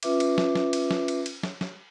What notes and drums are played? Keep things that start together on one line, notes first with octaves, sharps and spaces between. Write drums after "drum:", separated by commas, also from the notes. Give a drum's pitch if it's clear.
C#4 F4 B4 E5 D6, drum: cymbal
drum: cymbal
drum: snare
drum: snare
drum: cymbal
drum: snare
drum: cymbal
drum: cymbal
drum: snare
drum: snare